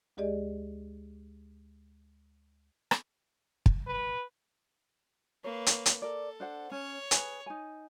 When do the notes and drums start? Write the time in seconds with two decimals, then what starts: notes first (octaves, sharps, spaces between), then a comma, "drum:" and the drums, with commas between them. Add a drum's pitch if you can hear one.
0.17 D2 G#3 G4 G#4 D5 D#5
2.91 drum: rim click
3.66 drum: kick
3.87 B4
5.44 A#3 B4 C#5
5.66 drum: hi-hat
5.86 drum: hi-hat
6.02 A4 A#4 D5
6.40 D4 C5 F#5
6.71 C#4 C#5
7.11 G#4 B4 G#5, drum: hi-hat
7.46 D#4 G#5